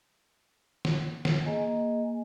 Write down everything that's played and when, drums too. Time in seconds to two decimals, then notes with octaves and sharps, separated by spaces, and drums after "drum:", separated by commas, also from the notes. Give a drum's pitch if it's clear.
0.85 drum: snare
1.25 drum: snare
1.45 A#3 G#4 D#5 G#5